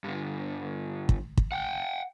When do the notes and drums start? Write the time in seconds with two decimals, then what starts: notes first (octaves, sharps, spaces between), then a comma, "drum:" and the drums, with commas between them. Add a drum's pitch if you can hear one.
0.04 G2 D3
1.09 drum: kick
1.37 drum: kick
1.52 F#5 G5